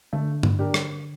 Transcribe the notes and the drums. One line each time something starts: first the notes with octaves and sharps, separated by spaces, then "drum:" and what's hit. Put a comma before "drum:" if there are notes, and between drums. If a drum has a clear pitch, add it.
D3 A3
drum: tom G2
D4 G4 A#4
drum: rim click